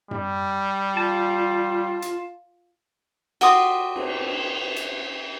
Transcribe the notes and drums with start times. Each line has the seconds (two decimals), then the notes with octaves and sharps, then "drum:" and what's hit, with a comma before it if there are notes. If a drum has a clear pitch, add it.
0.11 G3, drum: tom F#2
0.97 F4 A5
2.02 drum: hi-hat
3.41 F#4 G4 C6 D#6, drum: cymbal
3.96 drum: cymbal
4.76 drum: hi-hat